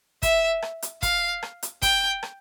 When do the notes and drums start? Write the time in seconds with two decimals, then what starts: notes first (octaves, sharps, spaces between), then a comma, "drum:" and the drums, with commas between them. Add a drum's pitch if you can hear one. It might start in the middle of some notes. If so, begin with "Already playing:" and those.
0.23 E5, drum: kick, hi-hat
0.62 drum: rim click
0.82 drum: hi-hat
1.03 F5, drum: kick, hi-hat
1.43 drum: rim click
1.63 drum: hi-hat
1.82 G5, drum: kick, hi-hat
2.23 drum: rim click